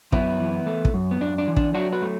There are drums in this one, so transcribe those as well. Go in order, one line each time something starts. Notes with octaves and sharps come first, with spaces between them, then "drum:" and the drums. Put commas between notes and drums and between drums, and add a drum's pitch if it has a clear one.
F#2 B3 E4, drum: kick
E3
A3
drum: kick
F#2
B3
F#2 D4
D4
E3
D4, drum: kick
F#3 D4 F#4
F#4 B4
A3